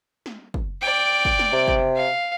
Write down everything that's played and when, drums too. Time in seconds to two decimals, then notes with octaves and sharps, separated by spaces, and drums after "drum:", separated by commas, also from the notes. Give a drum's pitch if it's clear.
0.26 drum: snare
0.54 drum: kick
0.82 D5 G5
1.25 drum: kick
1.39 drum: snare
1.53 C3
1.68 drum: kick
1.96 F5